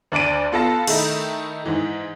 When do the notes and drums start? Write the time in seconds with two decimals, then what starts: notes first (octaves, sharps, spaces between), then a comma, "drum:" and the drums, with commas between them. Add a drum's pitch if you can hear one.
0.12 D2 D4 D5 D7 D#7
0.52 B3 F4 A4 F5 A5 A#6
0.87 D#3 A3 D#4 E4, drum: cymbal
1.66 G#2 E3